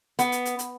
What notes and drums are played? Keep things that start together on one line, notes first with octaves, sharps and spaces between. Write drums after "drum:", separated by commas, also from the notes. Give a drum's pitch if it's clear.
B3, drum: hi-hat
drum: hi-hat
drum: hi-hat
drum: hi-hat